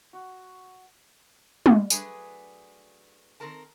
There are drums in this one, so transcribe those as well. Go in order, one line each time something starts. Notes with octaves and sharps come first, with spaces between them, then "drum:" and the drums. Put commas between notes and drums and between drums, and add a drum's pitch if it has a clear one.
F#4
drum: tom
F#3 A3 D4 G#4 B4 G#5, drum: tambourine
D#3 C4 A4 A#4 A5